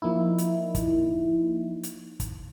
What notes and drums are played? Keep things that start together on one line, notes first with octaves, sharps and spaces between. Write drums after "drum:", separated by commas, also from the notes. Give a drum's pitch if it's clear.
F3 A#3 D#4 E4
drum: hi-hat
drum: kick, hi-hat
drum: hi-hat
drum: kick, hi-hat